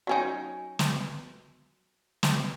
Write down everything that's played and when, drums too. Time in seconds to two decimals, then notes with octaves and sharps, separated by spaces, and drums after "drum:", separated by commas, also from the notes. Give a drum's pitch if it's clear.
0.07 F#3 C#4 D#4 F#4 G#5
0.79 drum: snare
2.23 drum: snare